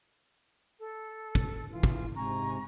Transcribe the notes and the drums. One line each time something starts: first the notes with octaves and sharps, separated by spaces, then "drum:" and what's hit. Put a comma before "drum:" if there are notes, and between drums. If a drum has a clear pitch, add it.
A4
drum: kick
E3 F4
drum: kick
G#2 C3 G#5 A#5 C#6